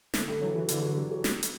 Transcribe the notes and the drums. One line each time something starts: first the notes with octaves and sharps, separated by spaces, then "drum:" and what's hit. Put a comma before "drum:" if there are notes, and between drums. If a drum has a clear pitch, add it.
D3 A3, drum: snare
D3 G3
E3 F#3
E3 F#3
D3 E3, drum: hi-hat
F#3
G3
F#3
drum: snare
drum: hi-hat